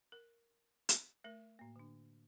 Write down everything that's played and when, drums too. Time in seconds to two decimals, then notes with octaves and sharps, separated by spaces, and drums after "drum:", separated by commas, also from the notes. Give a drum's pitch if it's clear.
0.12 A#4
0.89 drum: hi-hat
1.24 A3 A#4 A#6
1.59 A2 A#3
1.76 D3 D4